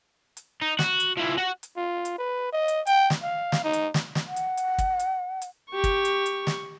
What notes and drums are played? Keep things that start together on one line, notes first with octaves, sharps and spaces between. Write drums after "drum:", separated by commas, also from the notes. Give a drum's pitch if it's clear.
drum: hi-hat
D#4
F#4, drum: snare
drum: hi-hat
F3 E4
F#4 F#5
drum: hi-hat
F4
drum: hi-hat
B4
D#5
drum: hi-hat
G5, drum: hi-hat
drum: snare
F5
drum: snare
D#4
drum: hi-hat
drum: snare
drum: snare
F#5
drum: hi-hat
drum: hi-hat
drum: kick, hi-hat
drum: hi-hat
drum: hi-hat
G4 C#6
drum: kick, hi-hat
drum: hi-hat
drum: hi-hat
drum: snare